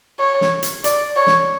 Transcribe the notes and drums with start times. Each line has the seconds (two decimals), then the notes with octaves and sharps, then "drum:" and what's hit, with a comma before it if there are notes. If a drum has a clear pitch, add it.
0.19 C#5
0.41 drum: snare
0.63 drum: hi-hat
0.84 D5, drum: hi-hat
1.16 C#5
1.27 drum: snare